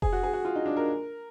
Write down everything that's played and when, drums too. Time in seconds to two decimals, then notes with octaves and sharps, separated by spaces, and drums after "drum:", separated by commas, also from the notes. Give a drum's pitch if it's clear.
0.02 G#4, drum: kick F1
0.12 F#4
0.23 G#4
0.33 F#4
0.45 F4
0.55 D#4
0.66 D4
0.77 A#4